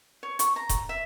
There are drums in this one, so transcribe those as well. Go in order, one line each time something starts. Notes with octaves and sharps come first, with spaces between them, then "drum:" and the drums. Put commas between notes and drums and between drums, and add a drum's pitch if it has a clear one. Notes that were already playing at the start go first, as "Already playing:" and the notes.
C#5
C#6, drum: hi-hat
A#5
drum: kick D#1, hi-hat
E5